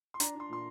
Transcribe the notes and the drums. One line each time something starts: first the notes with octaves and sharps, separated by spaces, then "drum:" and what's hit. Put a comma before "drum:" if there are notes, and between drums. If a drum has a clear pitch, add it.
C6
D4 A#5, drum: hi-hat
D4 C6
A#2 C6